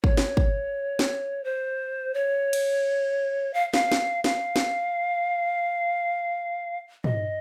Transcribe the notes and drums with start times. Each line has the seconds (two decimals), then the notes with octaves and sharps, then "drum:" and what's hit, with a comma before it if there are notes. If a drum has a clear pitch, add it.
0.04 C#5, drum: kick
0.17 drum: snare
0.37 drum: kick
0.99 drum: snare
1.44 C5
2.14 C#5
2.53 drum: cymbal
3.54 F5
3.74 F5, drum: snare
3.92 drum: snare
4.24 F5, drum: snare
4.56 drum: snare
7.04 D#5, drum: tom